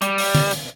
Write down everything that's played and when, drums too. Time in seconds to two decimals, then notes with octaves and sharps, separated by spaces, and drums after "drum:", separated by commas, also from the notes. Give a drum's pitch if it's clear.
0.02 G3, drum: hi-hat
0.18 drum: open hi-hat
0.35 drum: tom D3
0.51 drum: hi-hat